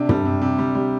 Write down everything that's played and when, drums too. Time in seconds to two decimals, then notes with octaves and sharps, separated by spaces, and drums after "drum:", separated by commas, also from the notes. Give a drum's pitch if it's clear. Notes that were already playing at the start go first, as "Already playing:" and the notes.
Already playing: C3 D4
0.09 G3, drum: tom
0.25 C3
0.42 C3
0.58 G3
0.75 G3